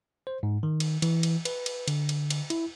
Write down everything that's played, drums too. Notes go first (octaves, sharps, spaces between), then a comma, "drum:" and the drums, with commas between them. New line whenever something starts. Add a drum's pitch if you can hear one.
C5
G#2
D#3
drum: cymbal
E3, drum: cymbal
drum: cymbal
B4, drum: cymbal
drum: cymbal
D3, drum: cymbal
drum: cymbal
drum: cymbal
E4, drum: cymbal